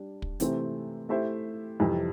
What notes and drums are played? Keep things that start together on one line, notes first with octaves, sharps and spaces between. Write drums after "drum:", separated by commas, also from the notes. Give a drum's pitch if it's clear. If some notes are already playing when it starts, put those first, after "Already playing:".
Already playing: G3 D4
drum: kick
C3 E3 A3 C4, drum: hi-hat
A3 E4 G4 C5 E5
F2 C3 E3 G3